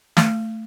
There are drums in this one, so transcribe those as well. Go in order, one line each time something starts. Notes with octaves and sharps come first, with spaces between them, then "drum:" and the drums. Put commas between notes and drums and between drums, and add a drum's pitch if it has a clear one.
A3, drum: snare